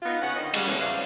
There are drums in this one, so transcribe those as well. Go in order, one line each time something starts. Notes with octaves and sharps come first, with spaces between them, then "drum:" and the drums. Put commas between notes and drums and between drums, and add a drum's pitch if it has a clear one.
B3 D#4 F4
C#3 C#4 C#5 F#5
D3 D#3 C#4 D#4 D#5
C#3 G3 G#3, drum: cymbal
E2 B2 D3 E3 C#4 F#5
C#3 F#3 C5 D5 F5